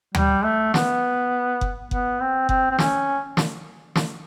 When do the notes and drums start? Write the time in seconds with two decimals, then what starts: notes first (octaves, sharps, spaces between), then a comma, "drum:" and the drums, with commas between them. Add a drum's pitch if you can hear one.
0.15 G3, drum: tom D2
0.44 A3
0.74 B3, drum: snare
1.61 drum: kick F#1
1.91 B3, drum: kick F#1
2.20 C4
2.49 C4, drum: kick F#1
2.71 C4
2.78 C#4, drum: snare
3.37 drum: snare
3.96 drum: snare